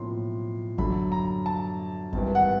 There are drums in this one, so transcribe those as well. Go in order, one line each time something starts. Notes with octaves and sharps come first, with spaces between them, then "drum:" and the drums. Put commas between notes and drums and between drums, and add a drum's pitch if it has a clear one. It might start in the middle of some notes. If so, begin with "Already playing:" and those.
Already playing: B1 A2 F3 A#3 C#4 C6
F#2 D3 F#3 B5, drum: kick G1
A#5
A5
G#1 G2 E3, drum: kick G1
F#5